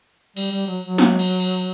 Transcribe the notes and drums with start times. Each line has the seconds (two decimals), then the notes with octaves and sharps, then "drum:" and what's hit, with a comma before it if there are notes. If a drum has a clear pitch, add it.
0.37 G3, drum: cymbal
0.52 G3
0.67 F#3
0.83 F#3
0.98 drum: snare
1.19 drum: cymbal
1.40 drum: cymbal